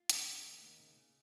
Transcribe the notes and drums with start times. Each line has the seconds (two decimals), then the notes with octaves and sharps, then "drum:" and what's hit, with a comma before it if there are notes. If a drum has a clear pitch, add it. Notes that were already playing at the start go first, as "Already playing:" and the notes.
Already playing: F4
0.09 C#3, drum: hi-hat
0.27 C#3
0.45 D#2
0.62 D#2
0.79 C#3
0.96 C#3